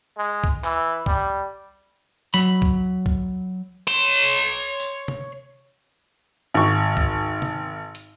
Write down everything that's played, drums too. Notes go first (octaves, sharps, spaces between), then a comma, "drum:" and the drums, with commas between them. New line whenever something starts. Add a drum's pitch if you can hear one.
G#3
drum: kick C2
E3, drum: clap
G3, drum: kick C2
F#3 B5, drum: hi-hat
drum: kick C2
drum: kick C2
C#5 C6
drum: tambourine
drum: tom C3
G#1 C#6
drum: kick C2
drum: tom C3
drum: hi-hat